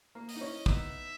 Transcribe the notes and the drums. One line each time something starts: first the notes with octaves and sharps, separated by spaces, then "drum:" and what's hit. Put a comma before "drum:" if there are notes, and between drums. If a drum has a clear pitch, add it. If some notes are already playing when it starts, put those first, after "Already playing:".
A#3
D#5, drum: open hi-hat
D#4
C#4 E4
B3 D#4 E5, drum: kick